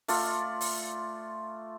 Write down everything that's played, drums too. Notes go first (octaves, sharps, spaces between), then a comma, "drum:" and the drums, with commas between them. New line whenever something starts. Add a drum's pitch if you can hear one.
A3 F4 D5, drum: open hi-hat
drum: open hi-hat